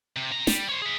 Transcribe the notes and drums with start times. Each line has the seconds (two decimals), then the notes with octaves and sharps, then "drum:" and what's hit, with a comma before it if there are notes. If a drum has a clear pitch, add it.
0.16 C3
0.32 C3 A#5
0.47 G3, drum: snare
0.69 C5 C#5
0.82 G#4 E5